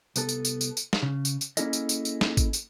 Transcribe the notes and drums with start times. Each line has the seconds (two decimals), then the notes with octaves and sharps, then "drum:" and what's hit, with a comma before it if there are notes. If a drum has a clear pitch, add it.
0.16 C2 B3 A4, drum: tambourine
0.29 drum: tambourine
0.45 drum: tambourine
0.61 drum: tambourine
0.77 drum: tambourine
0.93 drum: snare
1.03 C#3
1.25 drum: tambourine
1.41 drum: tambourine
1.57 A#3 C#4 E4 G#4 A4 D#5, drum: tambourine
1.73 drum: tambourine
1.89 drum: tambourine
2.05 drum: tambourine
2.21 drum: snare
2.37 drum: kick G#1, tambourine
2.53 drum: tambourine